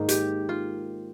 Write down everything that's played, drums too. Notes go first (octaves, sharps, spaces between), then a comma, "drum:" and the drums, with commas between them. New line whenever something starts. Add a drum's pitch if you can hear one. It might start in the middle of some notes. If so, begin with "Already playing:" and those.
Already playing: G#2 D#3 A#3 D#4
G4, drum: hi-hat
F4